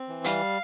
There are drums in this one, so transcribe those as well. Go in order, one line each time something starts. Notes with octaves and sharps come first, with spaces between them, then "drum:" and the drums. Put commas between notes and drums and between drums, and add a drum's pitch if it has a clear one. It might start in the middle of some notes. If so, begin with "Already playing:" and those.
Already playing: C4
E3
G3 F5, drum: hi-hat